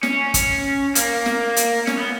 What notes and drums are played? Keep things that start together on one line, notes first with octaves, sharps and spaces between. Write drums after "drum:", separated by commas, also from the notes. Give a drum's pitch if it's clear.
C#4, drum: snare
drum: kick, hi-hat
A#3, drum: hi-hat
drum: snare
drum: hi-hat
C#4, drum: snare
B3